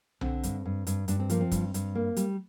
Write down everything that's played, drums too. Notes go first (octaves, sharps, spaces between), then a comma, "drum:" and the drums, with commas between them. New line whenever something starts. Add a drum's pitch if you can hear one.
D3 C4, drum: tom B1
G2, drum: hi-hat
G2
G2, drum: hi-hat
G2 D4, drum: hi-hat
C4
F3 A#3, drum: hi-hat
C4
G2, drum: kick, hi-hat
G2, drum: hi-hat
A#3
G3, drum: hi-hat